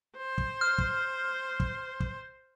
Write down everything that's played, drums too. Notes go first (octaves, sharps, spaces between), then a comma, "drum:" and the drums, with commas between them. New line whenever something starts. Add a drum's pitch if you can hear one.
C5
drum: kick
F6
drum: kick
drum: kick
drum: kick